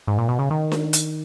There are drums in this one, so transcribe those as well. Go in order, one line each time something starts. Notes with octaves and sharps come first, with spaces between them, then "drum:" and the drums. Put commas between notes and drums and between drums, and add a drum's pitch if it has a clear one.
G#2
A#2
B2
C#3
D#3
drum: snare D4
drum: hi-hat